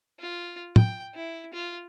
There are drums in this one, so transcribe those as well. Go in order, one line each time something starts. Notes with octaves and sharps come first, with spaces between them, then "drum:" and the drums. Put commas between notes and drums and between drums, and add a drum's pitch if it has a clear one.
F4
G5, drum: tom
E4
F4